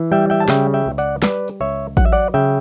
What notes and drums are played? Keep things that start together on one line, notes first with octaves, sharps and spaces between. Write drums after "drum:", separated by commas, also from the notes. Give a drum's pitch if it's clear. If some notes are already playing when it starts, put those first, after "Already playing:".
Already playing: E3
G3 E5 G5
E5 G5
A5
C#3 E5 G5, drum: snare
E5 G5
C#2
D5 F#5, drum: tambourine
G3 B4 D5, drum: snare
drum: tambourine
C#2 C#5 E5
F#3 F#5, drum: kick A1, tambourine
E5
D5 F#5
C#3 E5 G5